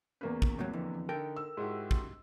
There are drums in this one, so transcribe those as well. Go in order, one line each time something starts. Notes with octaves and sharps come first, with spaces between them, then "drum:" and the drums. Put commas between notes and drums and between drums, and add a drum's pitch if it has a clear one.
E2 A#3 C#4 B4
drum: kick
A2 C3 F#3
F2 D3 E3
D3 D#4 A4 A#4 G5
E6
G#2 E4 F#4 G4
drum: kick